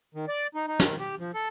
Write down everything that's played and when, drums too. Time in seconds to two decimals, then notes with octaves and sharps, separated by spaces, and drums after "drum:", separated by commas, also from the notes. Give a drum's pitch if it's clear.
0.15 D#3
0.28 D5
0.55 D#4
0.67 D#4
0.80 D#3, drum: snare
0.99 G4
1.19 F3
1.34 A4